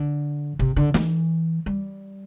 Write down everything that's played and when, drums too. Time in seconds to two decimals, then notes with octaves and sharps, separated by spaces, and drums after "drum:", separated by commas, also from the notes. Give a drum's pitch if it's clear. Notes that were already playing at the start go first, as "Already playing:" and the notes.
Already playing: D3
0.59 C3, drum: kick
0.76 D3
0.94 E3, drum: snare
1.66 G3